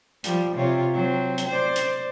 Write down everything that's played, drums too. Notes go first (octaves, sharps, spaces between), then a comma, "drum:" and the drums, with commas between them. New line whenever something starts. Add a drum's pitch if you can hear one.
F3 G3, drum: hi-hat
C3 F4 C#5
F#3 C4
drum: hi-hat
C5 D5
drum: hi-hat